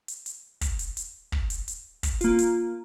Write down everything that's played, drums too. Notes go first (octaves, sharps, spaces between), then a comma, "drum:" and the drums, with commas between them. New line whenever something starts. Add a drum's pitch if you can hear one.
drum: hi-hat
drum: hi-hat
drum: kick, hi-hat
drum: hi-hat
drum: hi-hat
drum: kick
drum: hi-hat
drum: hi-hat
drum: kick, hi-hat
A#3 F4, drum: hi-hat
drum: hi-hat